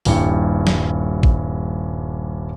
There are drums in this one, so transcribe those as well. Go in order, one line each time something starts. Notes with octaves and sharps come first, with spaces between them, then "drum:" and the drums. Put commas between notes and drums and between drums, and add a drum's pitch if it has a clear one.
D#1 G2 E4 G5 C#7, drum: open hi-hat
drum: snare
drum: kick A1